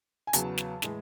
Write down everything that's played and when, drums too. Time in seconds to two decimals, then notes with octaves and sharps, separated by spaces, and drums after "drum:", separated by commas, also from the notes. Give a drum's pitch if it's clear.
0.27 G#5
0.33 E2 C#3 F#3 B3 A5, drum: hi-hat
0.58 drum: snare
0.82 A2 E3 G#3, drum: snare